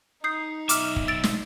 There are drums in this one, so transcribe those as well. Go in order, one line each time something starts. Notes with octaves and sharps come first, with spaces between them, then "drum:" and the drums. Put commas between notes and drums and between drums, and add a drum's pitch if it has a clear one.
D#4 D#6 G6 C7
B1 E5 D6 F6, drum: hi-hat
drum: kick
E6 A6 D7
drum: snare